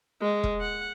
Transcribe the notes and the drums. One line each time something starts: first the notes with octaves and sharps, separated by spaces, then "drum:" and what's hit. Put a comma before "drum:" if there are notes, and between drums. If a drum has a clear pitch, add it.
G#3
drum: kick E1
F#5